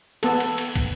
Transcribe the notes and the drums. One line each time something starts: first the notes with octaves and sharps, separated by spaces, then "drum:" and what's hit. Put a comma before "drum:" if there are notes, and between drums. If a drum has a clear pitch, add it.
B3 A4, drum: cymbal
drum: cymbal
drum: cymbal
drum: kick, cymbal